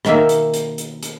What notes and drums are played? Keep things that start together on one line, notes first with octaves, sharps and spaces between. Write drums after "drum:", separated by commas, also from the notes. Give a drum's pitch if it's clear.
B2 D#3 A#3 A#4 E5, drum: rim click
drum: hi-hat
drum: hi-hat
drum: hi-hat
drum: hi-hat